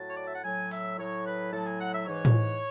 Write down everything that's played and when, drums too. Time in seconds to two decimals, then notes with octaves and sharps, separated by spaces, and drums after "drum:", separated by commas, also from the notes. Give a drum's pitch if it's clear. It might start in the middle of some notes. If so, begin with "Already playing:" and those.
Already playing: A2 F#3 A5
0.09 C#5
0.17 D5
0.26 E5
0.35 F#5
0.43 A2 F#3 G#5
0.71 E5, drum: open hi-hat
0.98 A2 F#3 C#5
1.25 B4
1.52 A2 F#3 A5
1.66 G#5
1.80 F#5
1.94 E5
2.07 G#2 E3 C#5
2.25 drum: tom A2